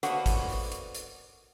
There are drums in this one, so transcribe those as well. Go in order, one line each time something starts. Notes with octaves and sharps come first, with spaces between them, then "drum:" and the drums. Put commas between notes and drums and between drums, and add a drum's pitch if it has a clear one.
D3 A#3 B3 F#4 C5 C#5, drum: hi-hat
drum: kick G#1, hi-hat
drum: open hi-hat
drum: hi-hat
drum: hi-hat